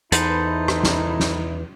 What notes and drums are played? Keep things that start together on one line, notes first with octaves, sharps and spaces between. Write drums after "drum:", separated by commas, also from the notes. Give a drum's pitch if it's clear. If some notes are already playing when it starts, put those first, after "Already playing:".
E2 D#4 E4 A4 B4 C5, drum: hi-hat
drum: rim click
drum: snare
drum: snare